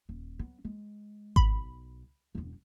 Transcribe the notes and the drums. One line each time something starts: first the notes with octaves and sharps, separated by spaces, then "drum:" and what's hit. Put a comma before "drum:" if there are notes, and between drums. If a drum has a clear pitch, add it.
D#1
F#3 B3
G#3
B1 B5, drum: kick G#1
E1 F#2